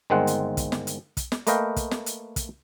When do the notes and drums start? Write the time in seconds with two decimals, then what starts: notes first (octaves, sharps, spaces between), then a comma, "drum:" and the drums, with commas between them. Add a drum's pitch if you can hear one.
0.10 G1 D#3 G#3 C4 F#5
0.27 drum: hi-hat
0.57 drum: kick, hi-hat
0.72 drum: snare
0.87 drum: hi-hat
1.17 drum: kick, hi-hat
1.32 drum: snare
1.47 A3 A#3 B4 D#5 F5 G5, drum: hi-hat
1.76 drum: kick, hi-hat
1.91 drum: snare
2.06 drum: hi-hat
2.36 drum: kick, hi-hat